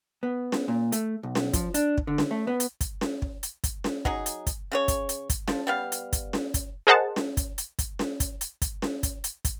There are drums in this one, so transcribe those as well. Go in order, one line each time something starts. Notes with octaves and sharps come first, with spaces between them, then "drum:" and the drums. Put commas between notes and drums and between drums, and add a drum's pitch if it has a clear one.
B3
drum: snare C#4
A#2
A3, drum: hi-hat
B1
drum: snare C#4
F3, drum: kick, hi-hat
D4, drum: hi-hat
drum: kick
D3
drum: snare C#4
A3
B3
drum: hi-hat
drum: kick, hi-hat
drum: snare C#4
drum: kick
drum: hi-hat
drum: kick, hi-hat
drum: snare C#4
F#3 D#4 G#4, drum: kick
drum: hi-hat
drum: kick, hi-hat
C#3 F#4 C#5
drum: kick, hi-hat
drum: hi-hat
drum: kick, hi-hat
F3, drum: snare C#4
G3 B3 F5
drum: hi-hat
drum: kick, hi-hat
drum: snare C#4
drum: kick, hi-hat
G#4 A#4 C5 D#5 F#5 A5
drum: snare C#4
drum: kick, hi-hat
drum: hi-hat
drum: kick, hi-hat
drum: snare C#4
drum: kick, hi-hat
drum: hi-hat
drum: kick, hi-hat
drum: snare C#4
drum: kick, hi-hat
drum: hi-hat
drum: kick, hi-hat